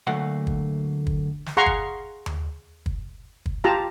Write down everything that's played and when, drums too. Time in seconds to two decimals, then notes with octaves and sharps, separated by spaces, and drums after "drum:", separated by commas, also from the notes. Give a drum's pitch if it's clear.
0.07 D2 F#3 A3 A#3 F#5
0.47 drum: kick
1.07 drum: kick
1.46 drum: snare
1.57 G#4 F5 F#5 A#5 C6 C#6
1.66 drum: kick
2.26 drum: tom D#2
2.86 drum: kick
3.46 drum: kick
3.64 F4 G4 A5 A#5